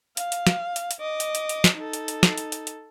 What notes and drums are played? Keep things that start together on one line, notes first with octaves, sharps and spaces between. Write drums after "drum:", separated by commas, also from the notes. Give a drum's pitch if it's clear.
F5, drum: hi-hat
drum: hi-hat
drum: snare
drum: hi-hat
drum: hi-hat
D#5 D6
drum: hi-hat
drum: hi-hat
drum: hi-hat
drum: snare
D#4 A4
drum: hi-hat
drum: hi-hat
drum: snare
drum: hi-hat
drum: hi-hat
drum: hi-hat